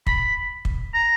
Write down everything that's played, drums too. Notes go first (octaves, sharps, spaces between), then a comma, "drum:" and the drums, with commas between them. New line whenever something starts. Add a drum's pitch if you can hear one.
B5, drum: kick
drum: kick
A#5